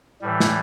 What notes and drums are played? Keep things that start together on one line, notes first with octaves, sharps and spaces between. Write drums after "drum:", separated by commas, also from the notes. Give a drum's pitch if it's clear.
A2 E3 G3
drum: snare